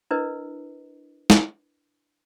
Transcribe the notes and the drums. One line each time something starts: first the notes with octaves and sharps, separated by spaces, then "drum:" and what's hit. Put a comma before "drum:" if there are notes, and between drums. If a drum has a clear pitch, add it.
D4 E4 A#4 B4 D#5
drum: snare